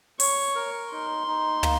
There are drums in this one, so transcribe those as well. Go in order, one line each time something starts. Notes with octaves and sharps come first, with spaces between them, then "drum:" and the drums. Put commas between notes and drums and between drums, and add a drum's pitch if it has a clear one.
C#5 C#6, drum: open hi-hat
A#4
D#4 C6
D#4
A#3, drum: tom